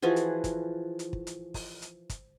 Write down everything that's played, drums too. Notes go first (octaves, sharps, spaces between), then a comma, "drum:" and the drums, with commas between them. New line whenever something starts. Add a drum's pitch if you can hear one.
E3 F3 F#4 G#4
drum: hi-hat
drum: kick, hi-hat
drum: hi-hat
drum: kick
drum: hi-hat
drum: kick, open hi-hat
drum: hi-hat
drum: kick, hi-hat